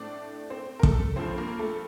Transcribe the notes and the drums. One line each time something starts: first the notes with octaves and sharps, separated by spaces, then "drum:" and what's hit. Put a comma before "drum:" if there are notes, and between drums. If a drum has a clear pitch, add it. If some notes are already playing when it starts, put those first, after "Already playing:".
Already playing: A2 A3 C4 D4 D5
C4 C5
A#4
A3 A4, drum: kick
G2 F3 A3 C4 C5
A#3 A#4
A3 A4